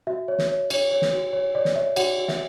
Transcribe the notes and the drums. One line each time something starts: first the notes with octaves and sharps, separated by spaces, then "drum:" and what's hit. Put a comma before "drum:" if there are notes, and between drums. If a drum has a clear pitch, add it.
F#4 E5
C#5
drum: snare
C#5
C#5, drum: cymbal
C#5
drum: snare
F#4
C#5
C#5 D5
drum: snare
C#5 E5
F#4 C#5 F#5, drum: cymbal
F#4
E5, drum: snare